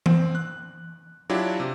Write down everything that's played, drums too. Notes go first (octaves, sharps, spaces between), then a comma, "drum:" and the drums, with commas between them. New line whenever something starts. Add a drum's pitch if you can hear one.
C4, drum: tom E3
F#6
F#3 D4 E4 F4 G4 D5
C3